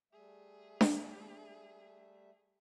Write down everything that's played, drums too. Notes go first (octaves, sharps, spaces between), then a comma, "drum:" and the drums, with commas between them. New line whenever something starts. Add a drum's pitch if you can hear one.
G3 A3 G#4 E5
drum: snare D4